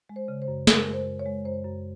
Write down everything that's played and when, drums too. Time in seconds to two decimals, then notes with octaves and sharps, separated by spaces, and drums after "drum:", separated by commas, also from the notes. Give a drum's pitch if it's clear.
0.09 G#3
0.16 C5
0.28 C#3
0.42 C5
0.48 F#2
0.67 G#3 A#4, drum: snare
0.87 F#2
0.93 C5
1.06 F#2
1.19 C#5
1.26 G#3
1.45 F#2 C5
1.64 F#2